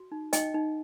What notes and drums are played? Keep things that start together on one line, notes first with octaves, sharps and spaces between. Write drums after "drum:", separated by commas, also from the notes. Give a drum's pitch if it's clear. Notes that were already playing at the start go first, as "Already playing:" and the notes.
Already playing: F#4
D#4
D#4 D#5 G5, drum: hi-hat
D#4